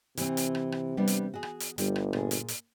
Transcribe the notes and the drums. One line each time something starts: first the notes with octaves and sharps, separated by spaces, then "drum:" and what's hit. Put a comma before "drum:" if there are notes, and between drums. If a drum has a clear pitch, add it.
C3 E3 C4, drum: hi-hat
drum: hi-hat
drum: rim click
drum: rim click
G3 B3 D4
drum: hi-hat
F#4 G#4
drum: rim click
drum: hi-hat
G1 G3, drum: hi-hat
drum: rim click
A#2 G#4, drum: rim click
drum: hi-hat
drum: hi-hat